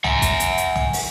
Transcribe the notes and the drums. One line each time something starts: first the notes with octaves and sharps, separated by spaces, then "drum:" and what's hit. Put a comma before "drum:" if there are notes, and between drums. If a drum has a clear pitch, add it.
F#5 G#5, drum: tom
drum: kick, hi-hat
drum: hi-hat
drum: hi-hat
drum: tom
drum: open hi-hat